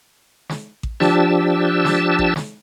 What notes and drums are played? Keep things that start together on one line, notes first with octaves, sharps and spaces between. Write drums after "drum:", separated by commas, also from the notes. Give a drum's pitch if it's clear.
drum: snare
drum: kick A1
F3 D4 G4 A5 E6, drum: snare
drum: snare
drum: kick A1
drum: snare